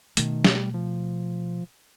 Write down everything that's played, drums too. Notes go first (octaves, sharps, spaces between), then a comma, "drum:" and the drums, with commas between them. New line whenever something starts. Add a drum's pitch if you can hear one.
B2 D#3 A3, drum: hi-hat
drum: snare
G3
F3